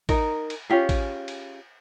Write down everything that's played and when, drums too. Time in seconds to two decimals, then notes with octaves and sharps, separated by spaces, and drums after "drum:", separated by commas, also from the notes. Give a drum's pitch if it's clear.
0.09 D#4 A#4, drum: kick A1, cymbal
0.50 drum: cymbal
0.70 C#4 F4 G4 G#4
0.89 drum: kick A1, cymbal
1.28 drum: cymbal